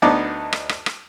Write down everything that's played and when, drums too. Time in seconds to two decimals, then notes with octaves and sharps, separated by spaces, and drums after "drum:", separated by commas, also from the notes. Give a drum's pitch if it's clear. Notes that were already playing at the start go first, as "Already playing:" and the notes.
0.02 D2 B3 D4 D#4 D6
0.53 drum: rim click
0.69 drum: rim click
0.86 drum: rim click